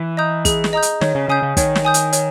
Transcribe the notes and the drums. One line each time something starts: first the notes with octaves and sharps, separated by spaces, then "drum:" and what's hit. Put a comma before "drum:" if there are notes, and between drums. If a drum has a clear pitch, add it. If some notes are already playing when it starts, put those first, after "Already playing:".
Already playing: E3
D#5 A#5 D#6 G6
G#4, drum: kick, hi-hat
drum: snare
D#5 A#5 D#6 G6
drum: hi-hat
D#3 C#5, drum: snare
C#3
C#3 G#5 D#6 G6
C#3
D#3 C#5, drum: kick, hi-hat
drum: snare
G#5 D#6 G6
drum: hi-hat
C#5, drum: hi-hat